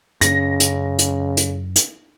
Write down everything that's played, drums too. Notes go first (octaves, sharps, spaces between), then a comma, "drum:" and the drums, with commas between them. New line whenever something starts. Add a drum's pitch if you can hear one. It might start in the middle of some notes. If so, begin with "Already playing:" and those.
F#2 C#3 C#4 A#6, drum: hi-hat
drum: hi-hat
drum: hi-hat
drum: hi-hat
drum: hi-hat